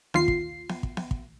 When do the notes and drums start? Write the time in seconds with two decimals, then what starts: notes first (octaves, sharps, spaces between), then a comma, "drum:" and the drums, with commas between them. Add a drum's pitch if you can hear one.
0.14 D#2 F4 C7, drum: snare B3
0.28 drum: kick
0.69 drum: snare B3
0.83 drum: kick
0.97 drum: snare B3
1.11 drum: kick